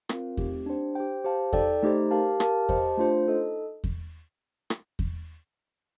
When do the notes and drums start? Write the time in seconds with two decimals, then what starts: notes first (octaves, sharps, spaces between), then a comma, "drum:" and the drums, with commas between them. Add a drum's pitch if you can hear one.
0.09 C4 F4 A#4 F5, drum: rim click
0.37 A3 C4 D#4 G4, drum: kick E2
0.66 D4 G4 C5 G5
0.95 G4 C5 G5
1.24 G4 C5 F5 A5
1.53 D#4 A4 D5 G5, drum: kick E2
1.83 A3 D#4 G4 C5
2.11 G4 A#4 F5 A5
2.40 G4 A#4 F5 A5, drum: rim click
2.69 G4 C5 D#5 A5, drum: kick E2
2.97 A3 D4 F4 C5
3.26 D#4 A4 D#5
3.84 drum: kick E2
4.70 drum: rim click
4.99 drum: kick E2